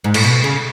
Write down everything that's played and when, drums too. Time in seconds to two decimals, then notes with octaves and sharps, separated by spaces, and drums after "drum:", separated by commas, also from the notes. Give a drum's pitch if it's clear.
0.04 G#2
0.14 A2, drum: cymbal
0.24 B2
0.44 C#3